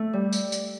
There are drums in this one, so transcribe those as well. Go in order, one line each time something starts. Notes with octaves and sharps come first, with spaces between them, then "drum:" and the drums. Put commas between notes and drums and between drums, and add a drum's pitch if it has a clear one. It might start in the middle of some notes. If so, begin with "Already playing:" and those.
Already playing: A3
G3
drum: tambourine
drum: tambourine